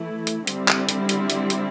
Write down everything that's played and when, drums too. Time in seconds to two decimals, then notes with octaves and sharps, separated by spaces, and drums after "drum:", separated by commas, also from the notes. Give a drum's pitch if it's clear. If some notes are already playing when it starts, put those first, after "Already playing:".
Already playing: E3 A3 E4
0.27 drum: hi-hat
0.47 D3 G3 C4 E4, drum: hi-hat
0.68 drum: clap
0.89 drum: hi-hat
1.09 drum: hi-hat
1.30 drum: hi-hat
1.50 drum: hi-hat